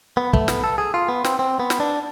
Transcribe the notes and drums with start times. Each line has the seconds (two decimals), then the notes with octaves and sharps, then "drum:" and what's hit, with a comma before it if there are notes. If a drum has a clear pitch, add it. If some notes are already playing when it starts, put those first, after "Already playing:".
0.17 B3
0.33 A3, drum: kick
0.48 B3, drum: snare
0.64 A4
0.78 G#4
0.94 F4
1.09 B3
1.24 C4, drum: snare
1.39 C4
1.60 B3
1.70 drum: snare
1.80 D4